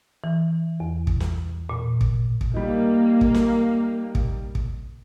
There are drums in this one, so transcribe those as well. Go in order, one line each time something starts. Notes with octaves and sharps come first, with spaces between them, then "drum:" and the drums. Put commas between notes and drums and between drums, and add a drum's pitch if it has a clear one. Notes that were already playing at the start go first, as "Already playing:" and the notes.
E3
E2
drum: kick
drum: snare
A#2
drum: kick
drum: kick
G3 A#3 D#4
drum: kick
drum: snare
drum: kick
drum: kick